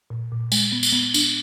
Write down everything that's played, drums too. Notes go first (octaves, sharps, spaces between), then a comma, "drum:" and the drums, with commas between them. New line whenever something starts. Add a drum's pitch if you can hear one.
A#2
A#2
G#3, drum: tambourine
B3
drum: tambourine
B3
D4, drum: tambourine